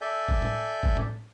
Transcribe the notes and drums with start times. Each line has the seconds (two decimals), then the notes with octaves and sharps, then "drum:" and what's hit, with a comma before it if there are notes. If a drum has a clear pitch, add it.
0.01 A4 D5 E5 G#5 G6
0.29 drum: kick G1
0.42 drum: tom A2
0.83 drum: kick G1
0.97 drum: tom A2